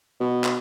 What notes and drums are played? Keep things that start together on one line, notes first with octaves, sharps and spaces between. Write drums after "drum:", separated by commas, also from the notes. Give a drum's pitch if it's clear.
B2
drum: clap